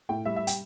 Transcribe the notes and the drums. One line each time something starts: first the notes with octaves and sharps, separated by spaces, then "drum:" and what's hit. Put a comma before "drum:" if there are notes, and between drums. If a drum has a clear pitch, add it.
A2 G5
G3 E5
E5
G5, drum: hi-hat